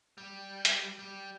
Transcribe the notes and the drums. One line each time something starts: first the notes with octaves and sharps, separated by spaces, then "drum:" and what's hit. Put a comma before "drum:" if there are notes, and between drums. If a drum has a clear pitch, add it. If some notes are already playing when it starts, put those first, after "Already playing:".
G3
drum: hi-hat
G3